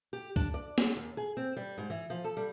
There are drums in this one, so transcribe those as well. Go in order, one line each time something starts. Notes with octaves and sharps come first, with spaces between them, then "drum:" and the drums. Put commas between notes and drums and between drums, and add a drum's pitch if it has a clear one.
G4
D4, drum: kick
D5
drum: snare
D#2
G#4
C4
G3
G#2
E3
F3
A4
G3